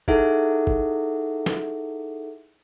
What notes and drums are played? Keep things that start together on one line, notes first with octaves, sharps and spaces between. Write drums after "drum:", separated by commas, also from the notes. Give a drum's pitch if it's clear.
D#4 E4 G#4 A4 E5 F#5, drum: kick
drum: kick
drum: snare